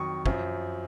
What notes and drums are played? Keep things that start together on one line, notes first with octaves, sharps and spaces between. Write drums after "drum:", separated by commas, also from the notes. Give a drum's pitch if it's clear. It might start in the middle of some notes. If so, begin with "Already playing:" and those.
Already playing: F2 D#3 F#3 C#6 D#6
F#2 F3, drum: kick